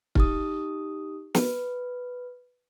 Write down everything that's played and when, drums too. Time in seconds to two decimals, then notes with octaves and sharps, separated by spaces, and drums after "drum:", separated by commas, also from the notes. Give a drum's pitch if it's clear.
0.15 D#4 G4 D#6, drum: kick
1.35 B4, drum: snare